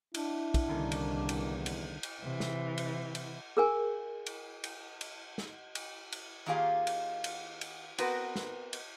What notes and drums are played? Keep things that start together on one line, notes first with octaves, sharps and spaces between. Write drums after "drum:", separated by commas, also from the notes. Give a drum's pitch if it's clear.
D4 E4, drum: cymbal
drum: kick, cymbal
C2 D3 D#3 A#3 C#4
drum: cymbal
E2
drum: cymbal
drum: cymbal
drum: cymbal
C3 E3
drum: snare
drum: cymbal
drum: cymbal
G#4 A#4 G#5
drum: cymbal
drum: cymbal
drum: cymbal
drum: snare
drum: cymbal
drum: cymbal
D#3 A#3 F4 G4 G#4 F5
drum: cymbal
drum: cymbal
drum: cymbal
B3 C4 F#4 A#4 B4, drum: cymbal
drum: snare
drum: cymbal